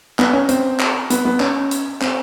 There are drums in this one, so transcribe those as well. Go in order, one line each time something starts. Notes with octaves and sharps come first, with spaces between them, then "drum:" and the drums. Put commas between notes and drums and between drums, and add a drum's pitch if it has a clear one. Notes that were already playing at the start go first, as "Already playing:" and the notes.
B3, drum: clap
C#4
C4, drum: hi-hat
drum: clap
B3, drum: hi-hat
B3
C#4, drum: clap
drum: hi-hat
C4, drum: clap